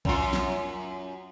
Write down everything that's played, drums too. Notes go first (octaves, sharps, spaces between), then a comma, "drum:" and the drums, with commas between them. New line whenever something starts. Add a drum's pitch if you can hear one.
F#2 F4, drum: kick B1
drum: snare